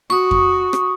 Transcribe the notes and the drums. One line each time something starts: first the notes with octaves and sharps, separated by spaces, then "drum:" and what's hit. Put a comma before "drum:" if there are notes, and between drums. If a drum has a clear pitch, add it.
F#4 C#6 D#6
drum: kick F2
drum: rim click